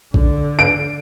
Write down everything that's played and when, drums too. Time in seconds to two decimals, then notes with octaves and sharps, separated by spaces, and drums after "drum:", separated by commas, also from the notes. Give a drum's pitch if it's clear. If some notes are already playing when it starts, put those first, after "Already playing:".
0.14 D3, drum: kick A#1
0.59 D7